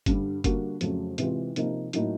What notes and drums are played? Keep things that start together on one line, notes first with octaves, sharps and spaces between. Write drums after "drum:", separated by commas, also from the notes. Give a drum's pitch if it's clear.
G2 D3 G3, drum: kick F#1, hi-hat
D3 G3 A#3 D4 F#4, drum: kick F#1, hi-hat
F2 C#3 F#3 A3, drum: hi-hat
C3 E3 G#3 C4 F4, drum: hi-hat
C3 F3 A#3 D#4, drum: hi-hat
A2 F#3 A#3 D#4, drum: hi-hat